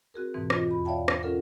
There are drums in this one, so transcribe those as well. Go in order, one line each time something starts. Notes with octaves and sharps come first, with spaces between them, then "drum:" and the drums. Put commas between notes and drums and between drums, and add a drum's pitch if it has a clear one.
C4 F#4 G#4 A#4
F2 G#2 B2 E3 C4
E3 F4 D#5, drum: rim click
E2 B5
C#5 D5 E5 F5 G5 A5
drum: rim click
C#4 D4 F4 A4 A#4 F#5